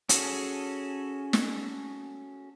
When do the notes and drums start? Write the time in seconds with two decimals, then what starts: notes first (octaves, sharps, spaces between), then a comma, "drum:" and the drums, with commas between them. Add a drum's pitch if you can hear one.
0.09 C#4 F#4 G#4 A4, drum: hi-hat
1.33 drum: snare